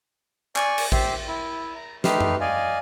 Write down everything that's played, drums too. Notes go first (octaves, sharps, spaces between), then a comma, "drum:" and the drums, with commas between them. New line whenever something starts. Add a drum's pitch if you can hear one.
D5 G#5 C#6, drum: clap
drum: cymbal
G4 C5 E5, drum: kick A1
E4
A#5
A3 D#4 G4 B4 C6 F6, drum: snare
drum: tom
D5 D#5 F5 G#5